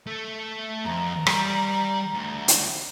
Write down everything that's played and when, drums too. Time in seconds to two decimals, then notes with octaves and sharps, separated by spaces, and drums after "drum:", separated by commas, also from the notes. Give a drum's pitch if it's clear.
0.07 A3
0.86 F2 A#5
1.27 G3, drum: rim click
2.14 D2
2.48 drum: hi-hat